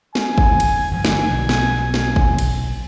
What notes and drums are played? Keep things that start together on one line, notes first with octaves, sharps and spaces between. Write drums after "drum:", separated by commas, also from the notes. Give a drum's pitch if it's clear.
G#5, drum: snare
drum: kick
drum: cymbal
G1 G2 F3
drum: snare
B1
drum: snare
drum: snare
drum: kick
drum: cymbal